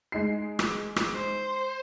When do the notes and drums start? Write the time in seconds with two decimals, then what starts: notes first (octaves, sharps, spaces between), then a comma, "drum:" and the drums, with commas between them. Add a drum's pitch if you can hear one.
0.12 G#3 D#4 C7
0.59 drum: rim click
0.96 drum: rim click
1.15 C5